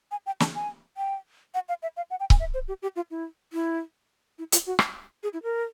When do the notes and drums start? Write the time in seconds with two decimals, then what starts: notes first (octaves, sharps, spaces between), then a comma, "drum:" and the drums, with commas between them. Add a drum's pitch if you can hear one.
0.11 G#5
0.26 G5
0.40 A5, drum: snare
0.55 G#5
0.97 G5
1.54 F#5
1.69 F5
1.82 E5
1.97 F5
2.10 F#5
2.20 G5
2.30 G#5, drum: kick C#1
2.40 E5
2.54 C5
2.68 G4
2.82 G4
2.96 F4
3.11 E4
3.53 E4
4.38 E4
4.52 F4, drum: hi-hat
4.66 F#4
4.79 drum: rim click
5.23 G#4
5.33 E4
5.43 A#4